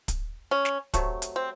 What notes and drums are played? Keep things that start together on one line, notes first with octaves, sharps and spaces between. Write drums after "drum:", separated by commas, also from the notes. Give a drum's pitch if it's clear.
drum: kick, hi-hat
C#4
drum: snare
C3 F#3 A3, drum: kick, hi-hat
drum: hi-hat
C4